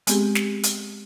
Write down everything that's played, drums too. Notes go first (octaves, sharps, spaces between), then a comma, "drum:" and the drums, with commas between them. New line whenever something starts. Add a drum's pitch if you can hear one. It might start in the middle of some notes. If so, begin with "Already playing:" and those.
G#3 B3 C4 G4 G#4, drum: hi-hat
drum: snare
drum: hi-hat